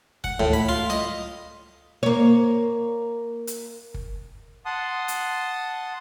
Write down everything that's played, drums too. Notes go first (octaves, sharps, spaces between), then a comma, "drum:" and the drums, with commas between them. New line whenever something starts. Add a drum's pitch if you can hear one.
F#5, drum: kick
A2, drum: tom C#2
B5
F4
D#5, drum: snare
A#3 C#5
drum: hi-hat
drum: kick
F#5 A5 C6 D#6
drum: hi-hat